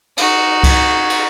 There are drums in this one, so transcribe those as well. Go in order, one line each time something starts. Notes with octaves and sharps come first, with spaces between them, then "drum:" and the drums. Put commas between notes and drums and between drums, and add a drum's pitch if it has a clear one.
D#4 F#4, drum: cymbal
drum: kick C2, cymbal
drum: cymbal